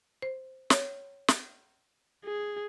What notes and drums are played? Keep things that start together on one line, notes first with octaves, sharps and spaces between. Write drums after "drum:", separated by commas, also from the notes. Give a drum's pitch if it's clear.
C5
C#5, drum: snare
drum: snare
G#4